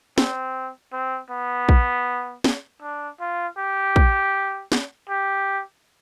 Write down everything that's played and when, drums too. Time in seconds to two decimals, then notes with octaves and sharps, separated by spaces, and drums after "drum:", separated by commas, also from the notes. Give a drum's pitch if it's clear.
0.18 C4, drum: snare
0.93 C4
1.31 B3
1.69 drum: kick
2.44 drum: snare
2.82 D4
3.21 F4
3.58 G4
3.96 drum: kick
4.72 drum: snare
5.09 G4